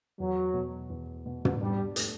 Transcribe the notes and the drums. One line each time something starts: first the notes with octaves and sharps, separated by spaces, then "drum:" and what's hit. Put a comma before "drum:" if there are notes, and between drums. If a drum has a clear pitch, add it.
E2 F#3
B2
E2
B2
drum: tom
G3 D4
A3, drum: hi-hat